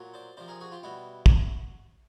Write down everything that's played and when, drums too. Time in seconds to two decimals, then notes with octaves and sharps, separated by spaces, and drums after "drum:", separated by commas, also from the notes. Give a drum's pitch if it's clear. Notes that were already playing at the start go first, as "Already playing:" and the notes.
Already playing: A#2 F#3
0.14 C5 D5
0.37 C3 F3 C5 D5
0.48 G#4 A#4
0.61 F#4 G#4
0.71 F4 G4
0.83 B2 G3 E4 F#4
1.26 drum: kick